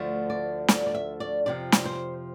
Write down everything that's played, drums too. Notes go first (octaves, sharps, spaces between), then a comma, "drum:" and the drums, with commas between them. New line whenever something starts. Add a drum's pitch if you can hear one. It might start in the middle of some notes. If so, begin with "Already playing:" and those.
Already playing: D2 D3 F3 A3
D5
D5, drum: snare
D5
E5
D5
F2 C3 F3 D5
drum: snare
C5